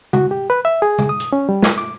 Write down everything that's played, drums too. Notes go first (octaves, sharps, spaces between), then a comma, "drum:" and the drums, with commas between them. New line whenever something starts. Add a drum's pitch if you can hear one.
F#4, drum: tom C#3
G4
B4
E5
G#4
drum: tom C#3
D#6
drum: hi-hat
C#4
G3
drum: snare
D6